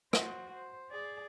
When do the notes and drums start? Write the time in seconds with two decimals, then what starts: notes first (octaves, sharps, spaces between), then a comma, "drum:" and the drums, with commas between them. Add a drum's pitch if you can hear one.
0.13 F#4 C5, drum: rim click
0.54 C5
0.90 G#4 D5